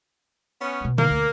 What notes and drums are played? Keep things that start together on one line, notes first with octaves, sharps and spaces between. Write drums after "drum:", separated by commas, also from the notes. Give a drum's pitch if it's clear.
B3 C#4
F2 B2
A#3, drum: tom D3
D2